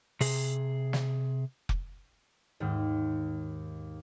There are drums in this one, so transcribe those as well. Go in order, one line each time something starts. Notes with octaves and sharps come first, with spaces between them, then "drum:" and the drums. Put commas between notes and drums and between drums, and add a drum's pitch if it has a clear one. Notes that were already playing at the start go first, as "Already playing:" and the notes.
C3 G#4, drum: open hi-hat
drum: snare
drum: kick F1
D#2 G#2